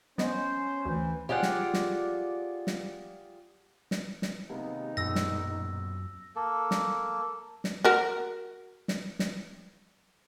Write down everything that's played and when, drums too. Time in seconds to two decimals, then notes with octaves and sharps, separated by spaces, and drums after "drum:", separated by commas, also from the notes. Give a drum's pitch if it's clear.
0.18 B3 C#4 C5 D#5, drum: snare
0.86 D2 E3
1.29 F4 G4 G#4 D5 F#5
1.43 drum: snare
1.74 drum: snare
2.67 drum: snare
3.91 drum: snare
4.22 drum: snare
4.50 D#2 C3 G#3 A#3 B3 D#4
4.97 A#1 F#2 B2 E6 A#6
5.15 drum: snare
6.36 A#3 A4
6.71 drum: snare
7.64 drum: snare
7.84 F#4 A#4
8.88 drum: snare
9.19 drum: snare